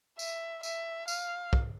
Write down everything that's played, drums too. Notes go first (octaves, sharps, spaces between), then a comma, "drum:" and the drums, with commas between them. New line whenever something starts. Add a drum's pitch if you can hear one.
E5, drum: tambourine
E5, drum: tambourine
F5, drum: tambourine
drum: kick